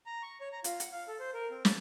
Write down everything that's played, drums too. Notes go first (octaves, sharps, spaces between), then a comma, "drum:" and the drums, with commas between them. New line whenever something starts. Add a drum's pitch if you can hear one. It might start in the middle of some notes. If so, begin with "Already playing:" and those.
A#5
C#6
C#5
A#5
F4, drum: hi-hat
F#5, drum: hi-hat
F5
A4
C5
A#4
C4
A5, drum: snare